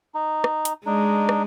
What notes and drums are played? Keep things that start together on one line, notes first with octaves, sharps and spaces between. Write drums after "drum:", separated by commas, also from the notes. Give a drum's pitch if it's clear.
D#4
drum: rim click
drum: hi-hat
G#3 D4 D#4
drum: rim click